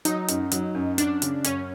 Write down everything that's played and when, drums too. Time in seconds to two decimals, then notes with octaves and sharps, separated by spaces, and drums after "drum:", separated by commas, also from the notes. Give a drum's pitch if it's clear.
0.05 F#3 D#4, drum: hi-hat
0.28 F#2, drum: hi-hat
0.52 F#3, drum: hi-hat
0.75 F#2
0.98 F#2 D4, drum: hi-hat
1.22 C#3, drum: hi-hat
1.44 F#2 C#4, drum: hi-hat